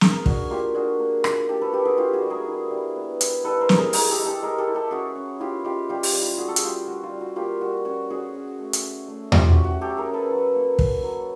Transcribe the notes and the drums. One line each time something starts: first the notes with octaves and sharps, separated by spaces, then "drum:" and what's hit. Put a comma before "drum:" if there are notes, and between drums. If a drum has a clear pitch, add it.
A#3 G#4 A#4, drum: snare
D4 F#4, drum: kick
A#3 F4 G4
D4 F#4 G#4
A#3
F4, drum: rim click
A#3 G4 A4
A4 B4
A#3 G4 A4
F#4 G#4
E4 F4 G4
F#4 G#4
G3
G#4 A#4
E4
G3
B3
E4, drum: hi-hat
G3 A4 B4
A#4 C5
G3, drum: snare
G#4 A#4
G#3 G#4 A#4, drum: open hi-hat
G4 A4
G#3
G4 A4
G#3 G#4 A#4
G4 A4
E4
G4 A4
C#4 F#4 G#4
C#4
E4 F4 G4
G#3 F4 G4
G3 F4 G4
drum: open hi-hat
G3
F4
G3 F#4 G#4
A4
G#4, drum: hi-hat
G3 F4 G4
G3 F#4
F4
G3
F#4
A#3 F4 G4
G3 F#4
C#4 F#4
C#4 F#4 G#4
C#4
A3
drum: hi-hat
C#4
A3
C#4 F4 G4, drum: tom E2
F#4
A3
F#4
F#3 G4 A4
G#4 A#4
C#4
A4 B4
F#3
A#3
C#4, drum: kick
F#3